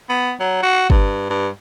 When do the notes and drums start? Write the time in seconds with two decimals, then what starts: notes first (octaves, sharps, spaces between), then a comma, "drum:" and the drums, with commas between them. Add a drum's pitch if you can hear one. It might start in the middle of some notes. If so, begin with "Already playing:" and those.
0.09 B3
0.40 F#3
0.62 F#4
0.90 G2, drum: kick
1.30 G2